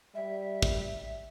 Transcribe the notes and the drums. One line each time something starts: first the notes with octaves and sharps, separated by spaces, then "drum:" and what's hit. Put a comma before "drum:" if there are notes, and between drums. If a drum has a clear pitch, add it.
G3 E5
drum: kick